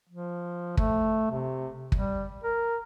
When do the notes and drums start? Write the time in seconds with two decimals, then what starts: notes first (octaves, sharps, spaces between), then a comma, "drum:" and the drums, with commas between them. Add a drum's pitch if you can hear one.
0.10 F3
0.77 A3, drum: kick
1.31 C3
1.92 G3, drum: kick
2.44 A#4